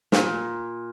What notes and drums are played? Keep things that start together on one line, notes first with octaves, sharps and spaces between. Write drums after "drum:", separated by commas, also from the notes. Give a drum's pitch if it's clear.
A#2, drum: snare